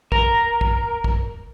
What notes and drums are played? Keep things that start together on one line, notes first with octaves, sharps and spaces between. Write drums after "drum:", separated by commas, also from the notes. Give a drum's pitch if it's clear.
A#4, drum: kick
drum: kick
drum: kick